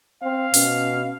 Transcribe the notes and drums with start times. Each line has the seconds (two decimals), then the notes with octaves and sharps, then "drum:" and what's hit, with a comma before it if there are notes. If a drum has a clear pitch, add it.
0.23 C4 F5
0.54 B2 C#4, drum: open hi-hat